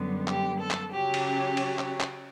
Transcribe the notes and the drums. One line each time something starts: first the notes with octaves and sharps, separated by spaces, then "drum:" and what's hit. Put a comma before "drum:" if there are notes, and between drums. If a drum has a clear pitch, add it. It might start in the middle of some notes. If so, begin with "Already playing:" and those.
Already playing: F#2 D3 G3 B3
G4, drum: clap
A4
drum: clap
C#3 F#3 C#4 G4
drum: cymbal
drum: cymbal
drum: clap
drum: clap